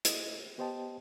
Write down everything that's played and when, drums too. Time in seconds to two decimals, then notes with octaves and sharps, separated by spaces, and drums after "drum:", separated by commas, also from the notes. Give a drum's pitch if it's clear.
0.05 E4 D#5, drum: hi-hat
0.58 B3 G4 C5 D#5 G5 A5